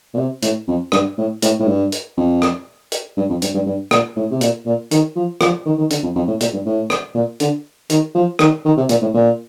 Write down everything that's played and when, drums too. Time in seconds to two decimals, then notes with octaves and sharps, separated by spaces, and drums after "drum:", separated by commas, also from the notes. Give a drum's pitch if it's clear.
0.14 A#2
0.17 C3
0.42 A2, drum: hi-hat
0.68 F2
0.92 G2, drum: rim click
1.18 A2
1.42 A2, drum: hi-hat
1.59 A2
1.67 G2
1.92 drum: hi-hat
2.17 F2
2.42 drum: rim click
2.92 drum: hi-hat
3.17 G2
3.29 F2
3.42 G2, drum: hi-hat
3.54 G2
3.66 G2
3.91 A#2, drum: rim click
4.16 A2
4.31 C3
4.41 A#2, drum: hi-hat
4.66 A#2
4.91 D#3, drum: hi-hat
5.16 F3
5.41 F3, drum: rim click
5.66 D#3
5.78 D#3
5.90 D3, drum: hi-hat
6.03 F2
6.15 F2
6.27 A2
6.41 A#2, drum: hi-hat
6.53 G2
6.65 A2
6.90 drum: rim click
7.14 A#2
7.40 D3, drum: hi-hat
7.90 D#3, drum: hi-hat
8.15 F3
8.39 D#3, drum: rim click
8.65 D#3
8.77 C3
8.89 A#2, drum: hi-hat
9.01 A2
9.14 A#2